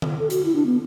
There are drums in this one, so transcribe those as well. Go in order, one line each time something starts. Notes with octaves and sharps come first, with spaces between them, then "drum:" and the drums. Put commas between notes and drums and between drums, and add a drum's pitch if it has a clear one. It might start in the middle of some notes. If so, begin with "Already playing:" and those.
drum: tom D3
A4
F#4, drum: hi-hat
E4
D4
B3